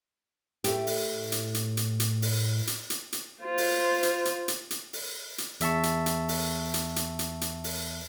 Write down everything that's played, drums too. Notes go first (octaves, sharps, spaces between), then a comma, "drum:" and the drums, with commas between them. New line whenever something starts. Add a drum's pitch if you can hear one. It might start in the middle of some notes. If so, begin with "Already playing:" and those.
A2 A3 G4, drum: hi-hat
drum: open hi-hat
drum: hi-hat
drum: hi-hat
drum: hi-hat
drum: hi-hat
drum: open hi-hat
drum: hi-hat
drum: hi-hat
drum: hi-hat
F4 C5
drum: open hi-hat
drum: hi-hat
drum: hi-hat
drum: hi-hat
drum: hi-hat
drum: open hi-hat
drum: hi-hat
E2 E5 A5 C#6, drum: hi-hat
drum: hi-hat
drum: hi-hat
drum: open hi-hat
drum: hi-hat
drum: hi-hat
drum: hi-hat
drum: hi-hat
drum: open hi-hat